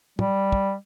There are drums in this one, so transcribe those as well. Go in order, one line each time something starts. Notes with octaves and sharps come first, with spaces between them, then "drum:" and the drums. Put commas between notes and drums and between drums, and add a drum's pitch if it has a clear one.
G3, drum: tom
drum: kick